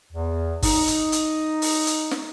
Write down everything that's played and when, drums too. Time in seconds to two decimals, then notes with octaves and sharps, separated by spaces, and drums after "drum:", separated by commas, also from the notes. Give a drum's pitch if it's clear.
0.12 E2
0.62 D#4, drum: kick F#1, open hi-hat
0.87 drum: hi-hat
1.12 drum: hi-hat
1.62 drum: open hi-hat
1.87 drum: hi-hat
2.11 drum: snare